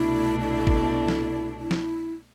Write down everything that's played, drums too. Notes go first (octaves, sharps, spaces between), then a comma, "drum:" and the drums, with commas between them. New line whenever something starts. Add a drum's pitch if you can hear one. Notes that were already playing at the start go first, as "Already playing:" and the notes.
Already playing: C2 B2 A3 D4 E4
E4
drum: kick
drum: snare
E4
drum: snare